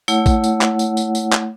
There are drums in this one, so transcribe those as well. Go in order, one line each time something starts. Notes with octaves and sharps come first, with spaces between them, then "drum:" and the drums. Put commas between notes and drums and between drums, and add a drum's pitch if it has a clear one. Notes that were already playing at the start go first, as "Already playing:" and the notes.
A3 E4 C#5 F#5, drum: tambourine
drum: kick, tambourine
drum: tambourine
drum: clap
drum: tambourine
drum: tambourine
drum: tambourine
drum: clap